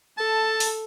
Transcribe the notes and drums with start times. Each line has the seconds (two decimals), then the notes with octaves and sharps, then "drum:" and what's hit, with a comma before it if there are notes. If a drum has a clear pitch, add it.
0.18 A4 A5
0.60 drum: open hi-hat